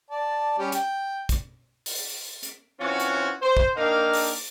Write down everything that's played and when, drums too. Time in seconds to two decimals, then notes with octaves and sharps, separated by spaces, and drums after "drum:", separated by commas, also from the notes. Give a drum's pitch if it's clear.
0.11 D5 A5
0.59 G3 C#4 G4
0.72 G5, drum: hi-hat
1.29 drum: kick, hi-hat
1.86 drum: open hi-hat
2.43 drum: hi-hat
2.80 E3 C4 C#4 F4 F#4 C#5
3.00 drum: hi-hat
3.42 C5
3.57 drum: kick
3.77 A#3 D4 D#4 A#4 F5 G5
4.13 drum: open hi-hat